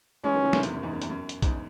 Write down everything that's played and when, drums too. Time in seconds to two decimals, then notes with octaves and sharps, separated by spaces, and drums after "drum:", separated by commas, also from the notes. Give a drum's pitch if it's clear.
0.24 E3 G#3 C#4
0.34 D#3 F#3
0.44 C#3 E3
0.53 C3 D#3, drum: snare
0.63 E2, drum: hi-hat
0.73 F#2
0.83 E2 G#2
0.93 F#2
1.02 E2, drum: hi-hat
1.10 F#2
1.29 drum: hi-hat
1.42 E2 G#2, drum: kick, hi-hat